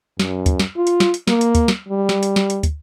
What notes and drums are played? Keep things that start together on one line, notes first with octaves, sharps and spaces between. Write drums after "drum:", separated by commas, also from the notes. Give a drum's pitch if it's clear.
F#2, drum: snare
drum: kick, hi-hat
drum: snare
F4
drum: hi-hat
drum: snare
drum: hi-hat
A#3, drum: snare
drum: hi-hat
drum: kick, hi-hat
drum: snare
G3
drum: snare
drum: hi-hat
drum: snare
drum: hi-hat
drum: kick, hi-hat